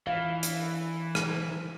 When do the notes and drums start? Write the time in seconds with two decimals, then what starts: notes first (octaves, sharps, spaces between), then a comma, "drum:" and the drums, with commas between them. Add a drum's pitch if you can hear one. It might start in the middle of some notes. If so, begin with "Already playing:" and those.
0.07 E3 F5
0.43 drum: hi-hat
1.15 drum: rim click